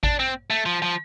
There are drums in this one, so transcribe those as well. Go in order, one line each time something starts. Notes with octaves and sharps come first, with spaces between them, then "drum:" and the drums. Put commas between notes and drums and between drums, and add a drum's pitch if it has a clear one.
D4, drum: kick A1
C4
A3
F3
F3